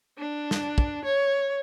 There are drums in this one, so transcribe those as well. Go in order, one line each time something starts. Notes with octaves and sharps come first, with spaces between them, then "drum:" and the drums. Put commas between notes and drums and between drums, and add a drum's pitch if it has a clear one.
D4
drum: snare
drum: kick
C#5